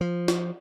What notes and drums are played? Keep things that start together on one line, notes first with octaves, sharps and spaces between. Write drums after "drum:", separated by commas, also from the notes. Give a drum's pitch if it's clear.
F3
drum: snare